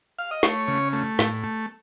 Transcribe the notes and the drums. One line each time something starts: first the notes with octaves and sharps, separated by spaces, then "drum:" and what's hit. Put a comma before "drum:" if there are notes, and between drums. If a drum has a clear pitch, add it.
F5
D#5
A3 C#5, drum: snare
C#3
A3
A2, drum: snare
A3